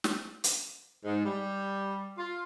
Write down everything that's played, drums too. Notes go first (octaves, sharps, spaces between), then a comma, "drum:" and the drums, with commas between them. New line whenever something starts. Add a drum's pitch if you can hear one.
drum: snare
drum: hi-hat
G#2
G3
F4